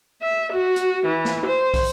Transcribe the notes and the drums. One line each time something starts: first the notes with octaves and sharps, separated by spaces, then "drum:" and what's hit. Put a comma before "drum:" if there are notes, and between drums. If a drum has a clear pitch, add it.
E5
F#4
drum: hi-hat
E3
drum: snare
C5
drum: kick, open hi-hat